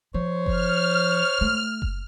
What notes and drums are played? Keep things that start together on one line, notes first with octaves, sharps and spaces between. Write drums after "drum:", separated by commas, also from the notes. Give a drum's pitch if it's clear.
F3 C5 C#5
F6, drum: kick F#1
A3
drum: kick F#1